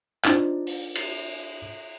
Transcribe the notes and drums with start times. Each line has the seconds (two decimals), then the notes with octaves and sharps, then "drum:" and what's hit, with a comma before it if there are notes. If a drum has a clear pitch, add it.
0.24 D4 D#4 F4 C5, drum: clap
0.67 drum: open hi-hat
0.95 drum: cymbal